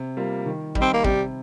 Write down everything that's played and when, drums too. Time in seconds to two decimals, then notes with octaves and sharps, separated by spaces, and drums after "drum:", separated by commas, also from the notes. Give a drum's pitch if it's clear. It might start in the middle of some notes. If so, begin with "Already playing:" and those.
Already playing: C3
0.17 G3 A#3 F4
0.46 D#3
0.75 G3 D#4 G4, drum: kick
0.81 C4
0.94 A#3
1.04 C3 G3, drum: kick